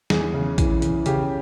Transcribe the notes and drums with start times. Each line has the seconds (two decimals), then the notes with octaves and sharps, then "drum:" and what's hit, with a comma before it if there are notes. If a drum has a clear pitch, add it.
0.10 E2 G#4, drum: snare
0.34 C#3
0.58 E3, drum: kick, hi-hat
0.82 E3, drum: hi-hat
1.06 C#3 G4, drum: hi-hat